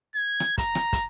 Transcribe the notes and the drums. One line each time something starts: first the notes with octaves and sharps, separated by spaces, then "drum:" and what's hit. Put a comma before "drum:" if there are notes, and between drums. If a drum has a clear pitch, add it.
G#6
drum: rim click
A#5, drum: kick, hi-hat
drum: rim click
drum: kick, hi-hat